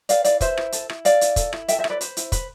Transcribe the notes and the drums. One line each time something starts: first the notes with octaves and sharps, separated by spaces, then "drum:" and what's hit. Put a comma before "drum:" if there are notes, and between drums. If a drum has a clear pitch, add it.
B4 D5 F5, drum: hi-hat
E4 D5 F5, drum: hi-hat
B4 C5 E5, drum: kick, hi-hat
E4, drum: rim click
A4, drum: hi-hat
E4, drum: rim click
A4 D5 F5, drum: hi-hat
E4, drum: hi-hat
A4, drum: kick, hi-hat
E4, drum: rim click
A4 E5 G5, drum: hi-hat
C5 E5
E4, drum: rim click
B4 D5
B4 C5, drum: hi-hat
E4, drum: hi-hat
B4, drum: kick, hi-hat